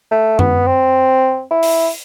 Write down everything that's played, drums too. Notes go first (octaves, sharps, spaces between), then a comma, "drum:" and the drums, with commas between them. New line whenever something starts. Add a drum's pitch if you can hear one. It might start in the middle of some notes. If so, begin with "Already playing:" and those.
A3
B3, drum: tom F#2
C4
E4
drum: open hi-hat